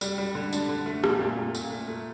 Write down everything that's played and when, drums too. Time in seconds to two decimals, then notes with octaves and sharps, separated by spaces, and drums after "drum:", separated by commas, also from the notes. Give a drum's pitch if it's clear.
0.01 G3, drum: tambourine
0.18 G3
0.35 D3
0.53 D4, drum: tambourine
0.69 D3
0.86 A3
1.04 A#2, drum: rim click
1.20 A#2
1.37 A#2
1.55 A#2, drum: tambourine
1.70 A3
1.88 A3